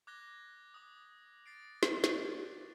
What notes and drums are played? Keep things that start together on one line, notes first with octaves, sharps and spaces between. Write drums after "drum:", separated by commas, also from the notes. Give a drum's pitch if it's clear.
D6 F#6 G#6 A#6 G7
D6 D#6
A6 C7 D7
drum: snare
drum: snare